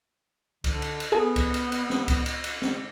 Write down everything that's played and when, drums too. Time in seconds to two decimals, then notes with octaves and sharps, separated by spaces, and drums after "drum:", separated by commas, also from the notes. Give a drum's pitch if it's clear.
0.64 D3, drum: kick C#2, cymbal
0.82 drum: cymbal
1.00 drum: cymbal
1.12 B3 G#4 A4 G#5
1.36 drum: kick C#2, cymbal
1.54 drum: cymbal
1.72 drum: cymbal
1.90 drum: snare
2.08 drum: kick C#2, cymbal
2.26 drum: cymbal
2.44 drum: cymbal
2.62 drum: snare